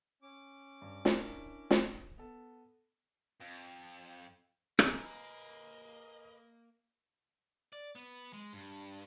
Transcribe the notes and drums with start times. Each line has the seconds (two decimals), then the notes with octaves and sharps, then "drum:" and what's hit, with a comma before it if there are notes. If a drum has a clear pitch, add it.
0.22 C#4 D6
0.82 G2
1.05 D4 E4 A#4, drum: snare
1.71 drum: snare
2.18 B3 A4
3.41 F2
4.79 A#3 A#4 B4 D#5 G#5 A#5, drum: rim click
7.73 D5
7.95 B3
8.33 G#3
8.53 G2